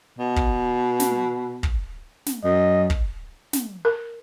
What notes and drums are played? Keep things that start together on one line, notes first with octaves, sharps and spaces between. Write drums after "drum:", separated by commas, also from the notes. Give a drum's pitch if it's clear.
B2
drum: kick
drum: snare
drum: kick
drum: snare
F#2 D#5
drum: kick
drum: snare
A#4